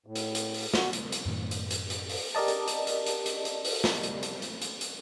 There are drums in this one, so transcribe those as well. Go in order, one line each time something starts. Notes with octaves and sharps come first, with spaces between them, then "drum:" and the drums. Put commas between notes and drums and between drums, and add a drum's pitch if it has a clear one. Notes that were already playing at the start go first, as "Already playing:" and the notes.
A2
drum: hi-hat
drum: hi-hat
drum: open hi-hat
F#4, drum: snare
drum: hi-hat
drum: hi-hat
F#2 A2 D#3
drum: hi-hat
drum: hi-hat
drum: hi-hat
drum: open hi-hat
G4 A#4 D5 D#5 A5
drum: hi-hat
drum: hi-hat
drum: hi-hat
drum: hi-hat
drum: hi-hat
drum: hi-hat
drum: open hi-hat
drum: snare
drum: hi-hat
drum: hi-hat
drum: hi-hat
drum: hi-hat
drum: hi-hat